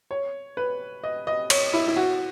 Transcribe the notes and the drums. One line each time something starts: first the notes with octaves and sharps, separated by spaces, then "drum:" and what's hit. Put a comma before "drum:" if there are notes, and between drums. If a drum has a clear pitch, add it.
C#5
B4
D#5
D#5
C#5, drum: cymbal
E4
E4
F#4